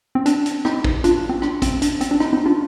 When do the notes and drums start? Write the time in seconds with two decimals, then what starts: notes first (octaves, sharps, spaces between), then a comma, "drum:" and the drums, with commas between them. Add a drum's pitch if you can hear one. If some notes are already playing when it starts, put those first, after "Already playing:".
0.15 C4
0.26 D4, drum: hi-hat
0.46 drum: hi-hat
0.65 C4 D#4, drum: rim click
0.84 drum: kick
1.04 D4 F4, drum: hi-hat
1.29 C4
1.42 D4, drum: rim click
1.62 C4, drum: kick, hi-hat
1.82 D4, drum: hi-hat
2.01 C4, drum: hi-hat
2.11 D4
2.20 C4 D#4, drum: rim click
2.33 C4 D#4
2.46 D4 F4